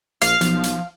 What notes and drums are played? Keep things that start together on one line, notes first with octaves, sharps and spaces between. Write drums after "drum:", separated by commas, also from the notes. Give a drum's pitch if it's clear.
A#1 F5, drum: hi-hat
B1 F3, drum: hi-hat
drum: hi-hat